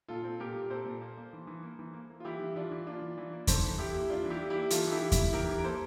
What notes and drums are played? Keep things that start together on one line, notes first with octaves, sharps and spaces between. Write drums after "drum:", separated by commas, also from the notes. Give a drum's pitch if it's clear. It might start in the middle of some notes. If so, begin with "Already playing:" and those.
A#2 F4 A4
C4
A#2 G4 A#4
A#2
C4 A4 C5
A#2
A#3
A#3
E3
E3
A#3
E3
A#3
A#3
F4
E3 E4 G4
E3
E3 D4 F4
E3
A#3 D4 F4
E3
E3
A#3
E3 A4 C5, drum: kick E2, hi-hat
E3
E3 E4 G4
A#3
A#3 D4 F4
E3
E4 G4
E3
E4 G4
A#3
E3 F4 A4, drum: hi-hat
E3 E4 G4
E3
E4, drum: kick E2, hi-hat
A#3
E3 G4 A#4
E3
A#4
A#3 A4 C5